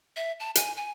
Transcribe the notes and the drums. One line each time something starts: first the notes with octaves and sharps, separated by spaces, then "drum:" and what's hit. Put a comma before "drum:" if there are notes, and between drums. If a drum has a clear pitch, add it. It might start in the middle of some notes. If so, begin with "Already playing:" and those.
E5
A5
G#5, drum: hi-hat
G#5